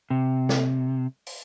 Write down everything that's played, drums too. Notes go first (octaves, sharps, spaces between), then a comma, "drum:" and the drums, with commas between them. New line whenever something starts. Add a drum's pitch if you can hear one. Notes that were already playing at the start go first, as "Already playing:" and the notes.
C3
drum: snare
drum: open hi-hat